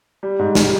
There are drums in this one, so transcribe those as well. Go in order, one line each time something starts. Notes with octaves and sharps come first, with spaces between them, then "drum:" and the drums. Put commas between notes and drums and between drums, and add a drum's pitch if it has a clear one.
G3
G#2
G3, drum: snare